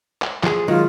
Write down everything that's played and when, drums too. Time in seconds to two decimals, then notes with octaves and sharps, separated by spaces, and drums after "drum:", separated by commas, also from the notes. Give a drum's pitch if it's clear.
0.22 drum: clap
0.44 F3 G#4, drum: clap
0.68 D#3 F#3 G#3 F4